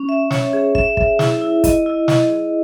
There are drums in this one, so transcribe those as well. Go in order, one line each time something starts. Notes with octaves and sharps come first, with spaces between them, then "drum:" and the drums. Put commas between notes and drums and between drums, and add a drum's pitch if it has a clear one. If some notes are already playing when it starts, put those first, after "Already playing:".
Already playing: C#4
E5
C#5, drum: snare
G#4
E5, drum: kick
E5, drum: kick
E4, drum: snare
E4
D#5, drum: kick, hi-hat
E4
D#5, drum: snare
G#4